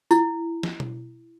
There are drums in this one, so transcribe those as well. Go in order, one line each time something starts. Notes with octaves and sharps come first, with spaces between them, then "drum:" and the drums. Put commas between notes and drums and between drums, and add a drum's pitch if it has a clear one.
E4, drum: tambourine
drum: snare
drum: tom B2